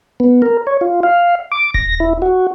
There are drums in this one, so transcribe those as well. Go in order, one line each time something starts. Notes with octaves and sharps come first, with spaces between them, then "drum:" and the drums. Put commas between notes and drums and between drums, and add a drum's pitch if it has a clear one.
B3
A#4
C#5
F4
F5
D6
A#6, drum: kick D#1
E4
F#4